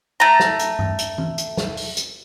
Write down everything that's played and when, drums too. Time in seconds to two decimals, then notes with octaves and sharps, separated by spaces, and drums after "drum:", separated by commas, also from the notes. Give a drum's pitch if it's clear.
0.20 A3 A#5
0.40 drum: snare
0.59 drum: hi-hat
0.79 drum: tom G2
0.99 drum: hi-hat
1.18 drum: tom E3
1.38 drum: hi-hat
1.57 drum: snare
1.77 drum: open hi-hat
1.97 drum: hi-hat